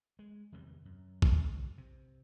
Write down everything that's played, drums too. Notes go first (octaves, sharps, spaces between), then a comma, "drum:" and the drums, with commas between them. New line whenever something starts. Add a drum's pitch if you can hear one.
G#3
E2 C3 D#3 G3
F#2
C#2 D#3, drum: kick
C3